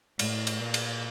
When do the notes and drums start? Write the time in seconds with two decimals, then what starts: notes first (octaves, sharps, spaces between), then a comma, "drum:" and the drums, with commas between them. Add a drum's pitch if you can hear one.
0.19 A2, drum: cymbal
0.47 drum: cymbal
0.60 A#2
0.74 drum: cymbal